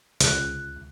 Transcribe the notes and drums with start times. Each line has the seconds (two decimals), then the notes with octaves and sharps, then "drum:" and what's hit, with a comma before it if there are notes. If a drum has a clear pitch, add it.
0.20 C#2 F#6, drum: hi-hat